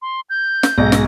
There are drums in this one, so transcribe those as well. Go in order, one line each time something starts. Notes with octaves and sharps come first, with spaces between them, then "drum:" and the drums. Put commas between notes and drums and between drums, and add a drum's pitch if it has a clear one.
C6
G6
drum: snare
B1 G#2 G#3 A#6
drum: snare